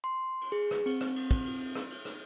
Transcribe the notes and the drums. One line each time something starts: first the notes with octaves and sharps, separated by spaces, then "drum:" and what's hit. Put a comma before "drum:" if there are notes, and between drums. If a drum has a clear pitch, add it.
C6
drum: cymbal
G#4
drum: rim click
C4, drum: cymbal
drum: rim click
drum: cymbal
drum: kick, cymbal
drum: cymbal
drum: cymbal
drum: rim click
drum: cymbal
drum: rim click